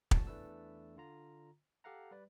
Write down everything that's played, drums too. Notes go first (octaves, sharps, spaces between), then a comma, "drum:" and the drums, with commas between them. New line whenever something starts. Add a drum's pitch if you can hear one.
F2 A2 F#4 A5, drum: kick
E2 E3 A3 D4 B4 E6
D3 F4 A#5
G4 A4 F5 F#5 A#5
G3 B4 D5